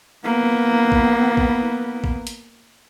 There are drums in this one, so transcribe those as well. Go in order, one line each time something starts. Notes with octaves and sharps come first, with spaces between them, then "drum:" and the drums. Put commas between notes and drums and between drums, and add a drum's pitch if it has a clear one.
A#3 B3
drum: kick
drum: kick
drum: kick
drum: hi-hat